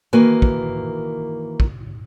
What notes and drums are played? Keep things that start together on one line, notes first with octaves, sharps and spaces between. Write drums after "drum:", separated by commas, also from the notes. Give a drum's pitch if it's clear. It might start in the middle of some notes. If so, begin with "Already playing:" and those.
D#3 E3 A#3 F#4 B4 G#5
drum: kick
drum: kick